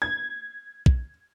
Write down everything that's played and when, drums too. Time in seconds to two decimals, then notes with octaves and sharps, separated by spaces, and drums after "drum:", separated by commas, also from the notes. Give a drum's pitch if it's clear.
0.02 G#6
0.86 drum: kick